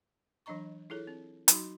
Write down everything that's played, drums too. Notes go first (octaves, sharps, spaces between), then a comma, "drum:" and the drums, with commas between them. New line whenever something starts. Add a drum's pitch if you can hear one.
E3 F#3 D4 D#5 A#5 C#6
E4 F4 G#4 A4 C#5
C4
F#3 D#4 F#4 B5 C6, drum: hi-hat